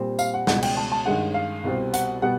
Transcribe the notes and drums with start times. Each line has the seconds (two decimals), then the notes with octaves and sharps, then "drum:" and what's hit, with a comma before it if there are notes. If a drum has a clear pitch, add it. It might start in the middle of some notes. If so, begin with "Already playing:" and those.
Already playing: A#2 G3 C4
0.19 F5, drum: tambourine
0.34 F#5
0.47 C#2 B2 G#3 F#5, drum: snare
0.63 G5, drum: cymbal
0.77 A5
0.92 A5
1.06 G2 D#3 G#3 C#4 F#5
1.34 F5
1.64 C2 B2 G3 C4
1.93 F#5, drum: hi-hat
2.22 B2 G3 B3 F#5